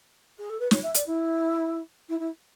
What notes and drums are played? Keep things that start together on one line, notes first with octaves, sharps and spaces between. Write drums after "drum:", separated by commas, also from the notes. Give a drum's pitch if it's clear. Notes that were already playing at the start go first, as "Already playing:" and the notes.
G#4
A4
B4
C#5, drum: snare
E5
D5, drum: hi-hat
E4
E4
E4